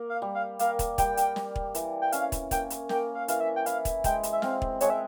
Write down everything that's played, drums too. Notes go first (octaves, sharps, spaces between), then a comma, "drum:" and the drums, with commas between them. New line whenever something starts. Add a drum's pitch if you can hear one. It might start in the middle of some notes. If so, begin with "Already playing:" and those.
Already playing: A#3
F5
G3
F5
A#3 F5, drum: hi-hat
drum: kick, hi-hat
G3 G5, drum: kick, hi-hat
drum: hi-hat
G3, drum: snare
drum: kick
E3, drum: hi-hat
G5
C#4 F5, drum: hi-hat
drum: kick, hi-hat
A#3 G5, drum: kick, hi-hat
drum: hi-hat
A#3 G5, drum: snare
F5
E3 F5, drum: hi-hat
E5
G5
E4 F5, drum: hi-hat
drum: kick, hi-hat
G#3 G5, drum: kick, hi-hat
drum: hi-hat
E5
C4 F5, drum: snare
drum: kick
G#3 C#5, drum: hi-hat
E5